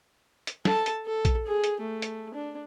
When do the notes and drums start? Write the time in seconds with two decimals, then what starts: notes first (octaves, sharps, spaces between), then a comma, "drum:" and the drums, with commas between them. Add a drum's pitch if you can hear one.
0.47 drum: hi-hat
0.65 A4 A5, drum: snare
0.86 drum: hi-hat
1.05 A4
1.25 drum: kick A#1, hi-hat
1.46 G#4
1.64 drum: hi-hat
1.80 A3
2.02 drum: hi-hat
2.34 D4